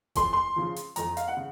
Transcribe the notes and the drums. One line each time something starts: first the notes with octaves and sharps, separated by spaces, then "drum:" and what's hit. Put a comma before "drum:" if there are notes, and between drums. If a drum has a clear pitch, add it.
F2 C6, drum: kick E1, hi-hat
C6
C#3 F3
drum: hi-hat
F2 A#5, drum: hi-hat
F5, drum: hi-hat
F#5
C#3